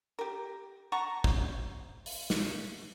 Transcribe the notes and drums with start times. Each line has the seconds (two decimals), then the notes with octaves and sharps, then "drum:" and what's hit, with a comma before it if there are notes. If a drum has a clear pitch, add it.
0.19 G4 A#4
0.92 F#5 A5 A#5 C#6
1.24 C5, drum: kick
2.06 drum: open hi-hat
2.30 drum: snare